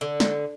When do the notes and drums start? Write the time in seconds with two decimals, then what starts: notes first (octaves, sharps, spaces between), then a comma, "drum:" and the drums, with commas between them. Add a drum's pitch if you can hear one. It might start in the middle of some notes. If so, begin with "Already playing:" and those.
0.01 D3
0.20 drum: snare